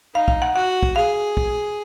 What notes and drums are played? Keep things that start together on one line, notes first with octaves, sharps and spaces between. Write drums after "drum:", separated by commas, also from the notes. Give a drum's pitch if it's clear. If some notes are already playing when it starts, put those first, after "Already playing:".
D#4 F5
F5, drum: kick
F#5
F#4 F#5
drum: kick
G#4 F5
drum: kick